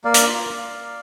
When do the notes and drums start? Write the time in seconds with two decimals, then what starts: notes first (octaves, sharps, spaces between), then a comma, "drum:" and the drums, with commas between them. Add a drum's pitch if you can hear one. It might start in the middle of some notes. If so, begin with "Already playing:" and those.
0.04 A#3 D5 F5
0.14 drum: hi-hat
0.27 F4